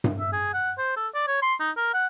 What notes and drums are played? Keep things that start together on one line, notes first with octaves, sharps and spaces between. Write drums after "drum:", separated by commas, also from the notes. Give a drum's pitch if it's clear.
drum: tom G2
E5
G#4
F#5
C5
A4
D5
C#5
C6
D#4
A#4
F#5